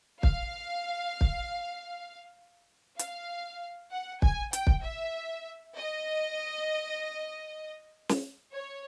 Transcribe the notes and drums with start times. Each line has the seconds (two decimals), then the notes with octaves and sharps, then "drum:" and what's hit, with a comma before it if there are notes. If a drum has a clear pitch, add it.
0.23 F5, drum: kick
1.21 drum: kick
2.99 F5, drum: hi-hat
3.92 F#5
4.22 G#5, drum: kick
4.53 G5, drum: hi-hat
4.67 drum: kick
4.83 E5
5.75 D#5
8.09 drum: snare
8.52 C#5